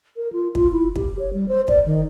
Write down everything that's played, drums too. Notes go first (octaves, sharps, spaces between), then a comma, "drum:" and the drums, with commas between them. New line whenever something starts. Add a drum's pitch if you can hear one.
A#4
F4
F4, drum: kick
E4
G4, drum: kick
C#5
G3
C5
D5, drum: kick
D#3